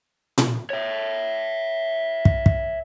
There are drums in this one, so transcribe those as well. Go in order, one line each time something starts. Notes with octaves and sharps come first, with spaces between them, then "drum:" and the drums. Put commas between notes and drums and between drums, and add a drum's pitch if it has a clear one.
drum: tom A#2
C#5 E5
drum: kick
drum: kick